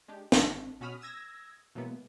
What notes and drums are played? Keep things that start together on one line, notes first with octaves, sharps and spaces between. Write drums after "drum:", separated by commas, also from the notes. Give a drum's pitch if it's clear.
G#3 D4 G4
G#1 C4, drum: snare
B2 C#4 F#4 B5 D#6 F6
D#6 E6 G#6 A#6
B2 E3 F#3 G#3 A#3 B3